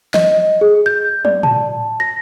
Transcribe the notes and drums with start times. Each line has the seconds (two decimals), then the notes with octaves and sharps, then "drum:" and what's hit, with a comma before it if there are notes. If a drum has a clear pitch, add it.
0.14 D#5, drum: snare
0.61 G#4
0.86 G6
1.25 D5, drum: tom
1.43 A5, drum: tom
2.00 A#6